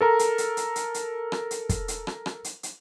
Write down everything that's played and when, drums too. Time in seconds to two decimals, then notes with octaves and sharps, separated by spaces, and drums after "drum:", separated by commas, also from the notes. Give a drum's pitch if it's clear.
0.01 A4 A#4 A#5
0.19 drum: hi-hat
0.38 drum: hi-hat
0.57 drum: hi-hat
0.76 drum: hi-hat
0.94 drum: hi-hat
1.32 drum: rim click
1.51 drum: hi-hat
1.69 drum: kick, hi-hat
1.88 drum: hi-hat
2.07 drum: rim click
2.26 drum: rim click
2.44 drum: hi-hat
2.63 drum: hi-hat